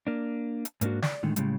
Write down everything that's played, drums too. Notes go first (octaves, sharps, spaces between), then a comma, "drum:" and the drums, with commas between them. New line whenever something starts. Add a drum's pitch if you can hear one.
A#3 D4
drum: hi-hat
G#2 A#3 D4 F#4, drum: hi-hat
D5, drum: snare
A2 D3 D#3 G#3
A2 C#3 G3 G#3, drum: hi-hat